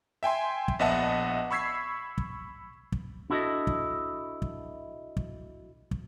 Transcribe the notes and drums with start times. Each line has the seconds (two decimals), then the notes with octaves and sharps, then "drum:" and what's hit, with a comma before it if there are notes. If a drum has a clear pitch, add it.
0.23 E5 G5 G#5 C6
0.68 drum: kick
0.79 A#1 B3 D#5 E5 F#5 A5
1.51 B5 C#6 E6 G#6 B6 C7
2.18 drum: kick
2.92 drum: kick
3.30 D4 E4 F#4 A4 D#5
3.67 drum: kick
4.42 drum: kick
5.17 drum: kick
5.91 drum: kick